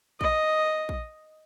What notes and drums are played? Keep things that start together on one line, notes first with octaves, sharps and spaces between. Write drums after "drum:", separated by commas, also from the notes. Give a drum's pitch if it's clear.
D#5, drum: kick A#1
drum: kick A#1